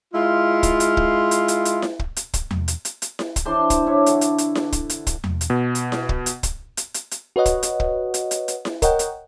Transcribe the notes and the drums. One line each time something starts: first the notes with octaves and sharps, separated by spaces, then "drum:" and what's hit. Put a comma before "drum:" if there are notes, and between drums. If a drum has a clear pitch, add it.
G#3 E4 F4
drum: kick, hi-hat
drum: hi-hat
drum: kick
drum: hi-hat
drum: hi-hat
drum: hi-hat
drum: snare E4
drum: kick
drum: hi-hat
drum: kick, hi-hat
drum: tom E2
drum: hi-hat
drum: hi-hat
drum: hi-hat
drum: snare E4
drum: kick, hi-hat
E3 D4 C5 C6
drum: kick, hi-hat
D4 E4 C#5
D3, drum: hi-hat
drum: hi-hat
drum: hi-hat
drum: snare E4
drum: kick, hi-hat
drum: hi-hat
drum: kick, hi-hat
drum: tom E2
drum: hi-hat
B2
drum: hi-hat
drum: snare E4
drum: kick
drum: hi-hat
drum: kick, hi-hat
drum: hi-hat
drum: hi-hat
drum: hi-hat
F#4 B4 C#5 D#5 F#5
drum: kick, hi-hat
drum: hi-hat
drum: kick
drum: hi-hat
drum: hi-hat
drum: hi-hat
drum: snare E4
A#4 C#5 D#5 F#5 G5, drum: kick, hi-hat
drum: hi-hat